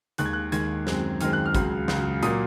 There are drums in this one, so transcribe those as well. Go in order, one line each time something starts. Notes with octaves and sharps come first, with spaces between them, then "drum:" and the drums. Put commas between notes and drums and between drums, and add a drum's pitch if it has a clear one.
D#2 D#3 G#3 F#6, drum: hi-hat
G#6
F#6
D#2 D#3 G#3 G#6, drum: hi-hat
F#2 D#3 G#3 C4, drum: snare
F#2 D#3 G#3 C4 F6, drum: hi-hat
F#6
F6
C#2 C#3 F#3, drum: kick, hi-hat
C#2 C#3 F#3, drum: snare
A#2 F#3 A#3 D#6, drum: hi-hat